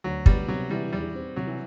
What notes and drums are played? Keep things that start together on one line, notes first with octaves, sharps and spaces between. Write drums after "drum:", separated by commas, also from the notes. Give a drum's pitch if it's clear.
D2 F#3
G3 B3, drum: kick
C3 F#3
E3 G3
E2 G3
C4
C3 F#3
E3